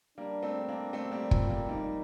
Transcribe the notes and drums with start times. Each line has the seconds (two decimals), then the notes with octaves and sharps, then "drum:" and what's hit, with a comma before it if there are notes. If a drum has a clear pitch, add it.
0.18 G3 A#3 D4
0.43 A3 C4
0.68 A#3 D4
0.93 A3 C4
1.12 G3 A#3
1.31 F3 A3, drum: kick
1.49 G3 A#3
1.68 G3 A#3 D#4